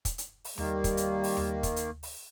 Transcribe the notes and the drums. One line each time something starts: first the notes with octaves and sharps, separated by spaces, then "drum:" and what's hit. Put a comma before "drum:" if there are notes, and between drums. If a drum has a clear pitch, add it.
drum: kick, hi-hat
drum: hi-hat
drum: open hi-hat
D#3 G3 A#3, drum: tom D#2
drum: kick, hi-hat
drum: hi-hat
drum: open hi-hat
drum: tom D#2
drum: kick, hi-hat
drum: hi-hat
drum: open hi-hat